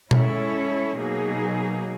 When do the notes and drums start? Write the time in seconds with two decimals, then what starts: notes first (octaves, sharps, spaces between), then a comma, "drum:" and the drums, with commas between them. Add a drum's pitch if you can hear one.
0.11 G#3 C#4 E4 A4 C#5, drum: tom B2
0.98 B2 F#3 A#3 D#4 G#4